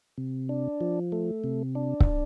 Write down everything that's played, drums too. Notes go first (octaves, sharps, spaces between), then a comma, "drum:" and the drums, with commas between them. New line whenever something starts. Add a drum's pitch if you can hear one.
C3
D4
F3
A3
C3
D4
drum: kick C#1